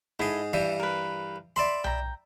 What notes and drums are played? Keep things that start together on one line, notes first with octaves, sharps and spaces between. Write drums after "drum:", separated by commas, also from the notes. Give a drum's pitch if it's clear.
G#2 E4 G#4 A4 D#5
G2 E3 G3 E5
A#4 B4
D5 E5 B5 C6
G5 A#5, drum: tom B1